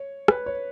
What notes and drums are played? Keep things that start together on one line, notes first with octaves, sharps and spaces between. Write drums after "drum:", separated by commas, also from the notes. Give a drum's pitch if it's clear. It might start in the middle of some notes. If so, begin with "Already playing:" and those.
Already playing: C#5
B4, drum: rim click
C#5